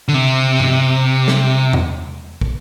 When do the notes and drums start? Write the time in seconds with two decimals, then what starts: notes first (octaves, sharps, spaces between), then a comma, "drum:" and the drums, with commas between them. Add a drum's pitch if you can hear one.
0.08 D3
0.14 C3
0.60 drum: tom G2
1.28 drum: snare
1.73 drum: tom E2
2.41 drum: kick